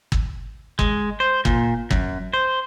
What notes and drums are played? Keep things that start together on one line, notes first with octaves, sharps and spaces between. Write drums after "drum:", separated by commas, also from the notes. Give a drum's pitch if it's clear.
drum: kick G1
G#3, drum: kick G1
C5
A#2, drum: kick G1
F#2, drum: kick G1
C5